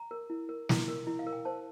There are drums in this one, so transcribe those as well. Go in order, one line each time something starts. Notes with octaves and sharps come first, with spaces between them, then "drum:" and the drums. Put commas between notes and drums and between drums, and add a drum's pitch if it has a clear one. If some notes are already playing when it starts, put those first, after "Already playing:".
Already playing: A#5
A#4
E4
A#4
E4, drum: snare
A#4
E4
F5
A#4
G5
C5 A5